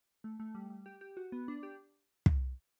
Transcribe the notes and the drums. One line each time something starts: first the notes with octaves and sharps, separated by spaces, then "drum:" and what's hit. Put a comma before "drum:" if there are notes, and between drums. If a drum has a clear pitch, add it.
A3
A3
G3
G3
G4
G4
F#4
B3
D4
G4
drum: kick